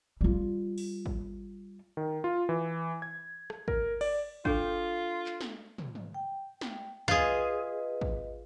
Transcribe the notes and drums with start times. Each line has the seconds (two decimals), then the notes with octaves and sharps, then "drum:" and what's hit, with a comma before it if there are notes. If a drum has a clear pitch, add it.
0.21 G3 F4
0.78 drum: open hi-hat
1.06 drum: kick
1.97 D#3
2.24 F4
2.49 E3
3.02 G#6
3.50 drum: rim click
3.68 A#4, drum: kick
4.01 D5, drum: cymbal
4.45 D4 F4 A4, drum: kick
5.26 drum: clap
5.41 drum: snare
5.78 drum: tom
5.95 drum: tom
6.14 G5
6.61 drum: snare
7.08 F4 G#4 B4 D#5, drum: tom
8.01 drum: kick